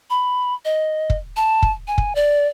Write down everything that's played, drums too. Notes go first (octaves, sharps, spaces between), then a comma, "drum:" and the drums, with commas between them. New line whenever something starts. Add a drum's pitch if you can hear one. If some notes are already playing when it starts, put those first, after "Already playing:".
B5
D#5
drum: kick
A5
drum: kick
G#5
drum: kick
D5